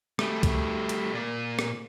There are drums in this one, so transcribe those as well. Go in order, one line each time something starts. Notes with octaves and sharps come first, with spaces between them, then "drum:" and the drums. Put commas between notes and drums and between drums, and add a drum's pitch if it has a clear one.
G3 A3, drum: rim click
drum: kick, hi-hat
drum: hi-hat
A#2 D5
drum: rim click